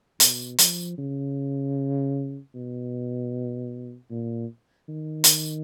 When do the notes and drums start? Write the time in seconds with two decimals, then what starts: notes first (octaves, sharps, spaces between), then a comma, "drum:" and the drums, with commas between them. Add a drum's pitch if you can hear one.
0.20 B2, drum: hi-hat
0.58 F3, drum: hi-hat
0.98 C#3
2.54 B2
4.11 A#2
4.89 D#3
5.24 drum: hi-hat